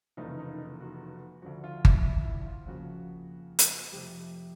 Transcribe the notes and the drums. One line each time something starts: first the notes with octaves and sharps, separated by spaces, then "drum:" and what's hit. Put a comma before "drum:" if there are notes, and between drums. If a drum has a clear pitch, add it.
F1 E2 C#3 F3 A#3 D#4
D#4
F#4
D2 D3 F3 F#4
F4
E4, drum: kick G1
E4
E4
F4
F2 C#3 F3 A#3 F#4
drum: hi-hat
F2 C3 F3 A3 G4